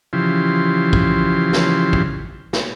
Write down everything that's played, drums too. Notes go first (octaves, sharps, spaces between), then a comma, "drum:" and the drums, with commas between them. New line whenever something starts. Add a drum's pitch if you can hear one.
C#3 E3 F3 G4 C6
drum: kick
drum: snare
drum: kick
drum: snare